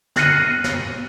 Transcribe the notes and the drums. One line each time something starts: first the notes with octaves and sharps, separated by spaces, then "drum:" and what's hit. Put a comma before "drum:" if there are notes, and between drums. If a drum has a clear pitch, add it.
F6 F#6 A#6 C7 C#7 D#7, drum: snare
drum: snare